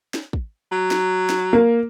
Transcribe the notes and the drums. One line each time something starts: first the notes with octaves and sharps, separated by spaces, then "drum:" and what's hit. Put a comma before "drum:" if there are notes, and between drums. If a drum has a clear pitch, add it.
drum: snare
drum: kick
F#3
drum: snare
drum: snare
A#3